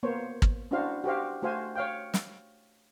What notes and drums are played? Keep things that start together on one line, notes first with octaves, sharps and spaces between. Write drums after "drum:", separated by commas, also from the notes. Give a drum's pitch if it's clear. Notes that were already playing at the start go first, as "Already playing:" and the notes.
A#3 B3 C5 C#5
drum: kick
C#4 D4 E4 F#4 C5 F5
F#4 G4 C5 F5
A3 F#4 C5 F5 G#5
C#5 F5 G5
drum: snare